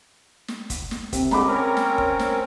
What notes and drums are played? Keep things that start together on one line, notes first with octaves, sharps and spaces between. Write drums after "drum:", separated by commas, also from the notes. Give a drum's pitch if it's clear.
drum: snare
drum: kick, hi-hat
drum: snare
C3, drum: kick, hi-hat
D3 G#3 A#5 B5 D6, drum: snare
C4 C#4 A#4
drum: snare
drum: kick
drum: snare